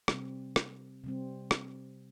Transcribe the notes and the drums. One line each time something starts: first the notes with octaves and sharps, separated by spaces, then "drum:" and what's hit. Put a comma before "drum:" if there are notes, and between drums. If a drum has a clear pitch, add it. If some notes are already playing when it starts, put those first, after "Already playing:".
C3 G3 C4, drum: rim click
drum: rim click
C3 G3 C4
drum: rim click